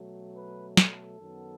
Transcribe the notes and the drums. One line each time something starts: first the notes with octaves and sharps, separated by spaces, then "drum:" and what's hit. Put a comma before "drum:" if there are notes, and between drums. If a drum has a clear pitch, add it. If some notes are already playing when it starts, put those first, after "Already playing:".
Already playing: B2 F#3 A3
B4
A4, drum: snare
F#2 D#3 F#3 B3